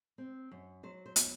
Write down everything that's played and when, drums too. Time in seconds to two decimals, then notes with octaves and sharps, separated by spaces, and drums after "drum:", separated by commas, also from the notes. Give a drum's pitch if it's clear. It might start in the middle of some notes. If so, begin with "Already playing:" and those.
0.18 C4
0.51 F#2
0.83 F#3 C5
1.06 C5
1.16 B3, drum: hi-hat